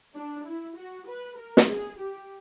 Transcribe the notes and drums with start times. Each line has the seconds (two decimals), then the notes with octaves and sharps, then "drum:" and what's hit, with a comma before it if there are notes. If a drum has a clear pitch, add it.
0.15 D4
0.45 E4
0.76 F#4
1.07 B4
1.38 A#4
1.57 drum: snare
1.68 G#4
1.99 G4